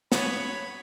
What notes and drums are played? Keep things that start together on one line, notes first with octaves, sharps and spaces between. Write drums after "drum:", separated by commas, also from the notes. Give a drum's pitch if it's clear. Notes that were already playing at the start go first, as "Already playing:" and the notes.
B3 C#5 F#5 B5, drum: snare